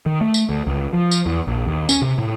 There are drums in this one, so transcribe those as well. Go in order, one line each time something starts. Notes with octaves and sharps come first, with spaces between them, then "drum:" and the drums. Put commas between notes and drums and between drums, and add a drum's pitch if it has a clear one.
D#3
A3
drum: tambourine
D2
C#2
F3
drum: tambourine
E2
A#1
D#2
C#4, drum: tambourine
C3
A2